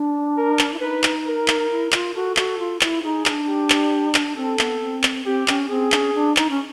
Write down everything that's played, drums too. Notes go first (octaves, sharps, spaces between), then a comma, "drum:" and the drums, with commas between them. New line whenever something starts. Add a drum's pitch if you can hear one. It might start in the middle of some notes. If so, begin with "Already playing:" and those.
Already playing: D4
A#4
drum: clap
E4
D#4 B4
drum: clap
A#4
drum: clap
E4
F4, drum: clap
F#4 A4
F#4, drum: clap
F4
E4, drum: clap
D#4 G#4
D#4, drum: clap
D4
G4
drum: clap
drum: clap
C4 A4
B3, drum: clap
C4
drum: clap
C4 G4
C#4, drum: clap
C4 G#4
D4, drum: clap
C#4
D4
D#4, drum: clap
C#4